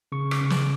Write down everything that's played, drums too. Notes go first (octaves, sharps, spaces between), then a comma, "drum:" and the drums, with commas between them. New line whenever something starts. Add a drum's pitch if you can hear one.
C#3 C#6
D6, drum: rim click
C#3 C#6
D6, drum: snare